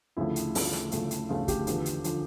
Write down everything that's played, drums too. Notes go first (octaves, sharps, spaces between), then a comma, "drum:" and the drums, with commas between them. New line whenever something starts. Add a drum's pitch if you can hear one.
D2 C#3 F3 A3 E4
drum: hi-hat
D2 C#3 F3 A3, drum: open hi-hat
drum: snare
D2 C#3 F3 A3, drum: hi-hat
drum: hi-hat
D2 C#3 F3 A3 F4
G4, drum: kick, hi-hat
E2 D3 F3, drum: hi-hat
drum: hi-hat
D3 F3, drum: hi-hat